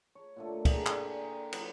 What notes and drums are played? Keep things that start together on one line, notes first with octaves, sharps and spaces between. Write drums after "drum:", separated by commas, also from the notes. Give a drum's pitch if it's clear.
C#5
A#2 D3 A3
G4 G#4 A#4, drum: kick, cymbal
drum: clap
G#5 A#5
G5
F#3 B4, drum: cymbal